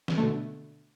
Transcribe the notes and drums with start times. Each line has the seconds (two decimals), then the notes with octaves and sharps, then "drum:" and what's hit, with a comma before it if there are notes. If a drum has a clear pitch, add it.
0.08 drum: snare
0.17 B2 D3 A3